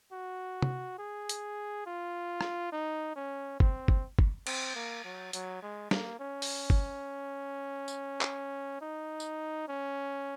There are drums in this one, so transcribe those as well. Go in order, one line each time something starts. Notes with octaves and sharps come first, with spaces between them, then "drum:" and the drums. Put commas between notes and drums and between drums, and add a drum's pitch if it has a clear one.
F#4
drum: tom
G#4
drum: hi-hat
F4
drum: rim click
D#4
C#4
C4, drum: kick
drum: kick
drum: kick
C4, drum: cymbal
A#3
F#3
F#3, drum: hi-hat
G#3
A#3, drum: snare
C#4
drum: open hi-hat
drum: kick
drum: tambourine
drum: clap
D#4
drum: tambourine
C#4